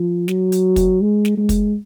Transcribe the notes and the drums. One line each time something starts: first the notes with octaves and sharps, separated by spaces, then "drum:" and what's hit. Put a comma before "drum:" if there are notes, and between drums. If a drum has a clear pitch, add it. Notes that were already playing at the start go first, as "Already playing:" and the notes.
Already playing: F3
F#3, drum: snare
drum: hi-hat
drum: kick, hi-hat
G#3
drum: snare
G#3
drum: kick, hi-hat